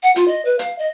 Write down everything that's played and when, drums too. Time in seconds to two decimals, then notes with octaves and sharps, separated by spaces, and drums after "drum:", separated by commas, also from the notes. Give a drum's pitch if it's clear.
0.03 F#5
0.16 F4, drum: hi-hat
0.28 D#5
0.45 B4
0.59 F5, drum: hi-hat
0.78 D#5